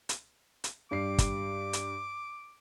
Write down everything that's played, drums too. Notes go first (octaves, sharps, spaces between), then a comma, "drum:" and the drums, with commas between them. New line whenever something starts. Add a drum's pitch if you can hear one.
drum: hi-hat
drum: hi-hat
G2 G3 D6 C7
drum: kick, hi-hat
drum: hi-hat